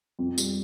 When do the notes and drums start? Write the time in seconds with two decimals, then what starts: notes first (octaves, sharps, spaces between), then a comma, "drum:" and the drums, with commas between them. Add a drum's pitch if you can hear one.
0.19 F2
0.38 G3, drum: tambourine